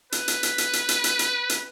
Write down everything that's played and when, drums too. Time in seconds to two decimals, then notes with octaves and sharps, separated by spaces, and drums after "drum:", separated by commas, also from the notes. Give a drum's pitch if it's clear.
0.12 B4, drum: hi-hat
0.28 drum: hi-hat
0.43 drum: hi-hat
0.58 drum: hi-hat
0.73 drum: hi-hat
0.89 drum: hi-hat
1.04 drum: hi-hat
1.19 drum: hi-hat
1.49 drum: hi-hat